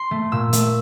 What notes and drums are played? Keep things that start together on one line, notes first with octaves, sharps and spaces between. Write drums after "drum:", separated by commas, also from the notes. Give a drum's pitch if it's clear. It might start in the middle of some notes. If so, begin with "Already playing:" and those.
Already playing: C6
A3
A#2 E6
A3, drum: hi-hat